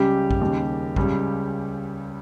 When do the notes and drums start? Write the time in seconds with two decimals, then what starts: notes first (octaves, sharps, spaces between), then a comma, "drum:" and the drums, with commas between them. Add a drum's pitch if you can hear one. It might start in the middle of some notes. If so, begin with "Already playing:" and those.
Already playing: C#2 C#3 G3 G4
0.31 drum: kick A#1
0.41 D#2 C#3 G3
0.96 C#2 C#3 G3, drum: kick A#1